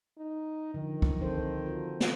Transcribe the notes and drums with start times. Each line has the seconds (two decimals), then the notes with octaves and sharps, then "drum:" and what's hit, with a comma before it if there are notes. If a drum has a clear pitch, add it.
0.17 D#4
0.74 D3 D#3 F3
1.02 drum: kick
1.22 C4 A4 C5
1.66 F4 F#4
2.00 drum: snare